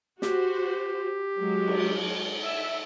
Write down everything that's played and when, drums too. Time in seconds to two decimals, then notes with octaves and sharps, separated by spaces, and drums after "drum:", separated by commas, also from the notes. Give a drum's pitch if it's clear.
0.22 F#4 G4 C5, drum: snare
1.37 F#3 G#3
1.67 drum: cymbal
2.44 E5